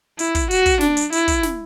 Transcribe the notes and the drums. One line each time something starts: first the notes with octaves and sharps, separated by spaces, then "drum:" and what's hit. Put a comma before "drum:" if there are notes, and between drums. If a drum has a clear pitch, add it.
E4, drum: hi-hat
drum: kick, hi-hat
F#4, drum: hi-hat
drum: kick, hi-hat
D4, drum: snare
drum: hi-hat
E4, drum: hi-hat
drum: kick, hi-hat
drum: snare